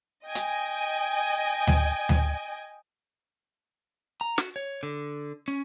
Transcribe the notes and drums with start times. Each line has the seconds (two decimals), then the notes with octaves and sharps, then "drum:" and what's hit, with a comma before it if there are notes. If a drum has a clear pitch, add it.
0.24 D#5 G5 G#5
0.35 drum: hi-hat
1.67 drum: tom D2
2.09 drum: tom D2
4.21 A#5
4.38 F#4, drum: snare
4.56 C#5
4.83 D3
5.48 C#4